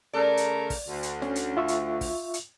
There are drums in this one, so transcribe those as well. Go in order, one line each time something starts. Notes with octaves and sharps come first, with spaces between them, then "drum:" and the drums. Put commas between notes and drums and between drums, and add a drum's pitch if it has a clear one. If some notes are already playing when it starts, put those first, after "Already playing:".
C#3 A3 A#4 D5
drum: hi-hat
drum: kick, open hi-hat
D2
drum: hi-hat
C#4, drum: snare
drum: hi-hat
F4 E5 C#6
drum: hi-hat
drum: kick, open hi-hat
drum: hi-hat